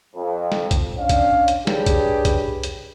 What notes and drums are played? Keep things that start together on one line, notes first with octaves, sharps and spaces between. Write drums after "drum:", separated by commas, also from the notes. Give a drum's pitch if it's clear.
F2
drum: snare
drum: kick B1, hi-hat
C#4 D4 C#5 D5 F5
drum: kick B1, hi-hat
drum: hi-hat
D4 G4 G#4 B4 C#5, drum: snare
drum: kick B1, hi-hat
drum: kick B1, hi-hat
drum: hi-hat